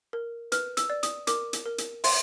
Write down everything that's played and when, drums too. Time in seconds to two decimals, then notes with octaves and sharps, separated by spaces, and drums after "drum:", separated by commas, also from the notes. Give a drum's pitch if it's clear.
0.13 A#4
0.52 B4 F6, drum: hi-hat
0.77 E6, drum: hi-hat
0.90 D5
1.03 D#6, drum: hi-hat
1.27 A#4 D6, drum: hi-hat
1.53 drum: hi-hat
1.66 A#4
1.78 drum: hi-hat
2.04 E5 C6, drum: open hi-hat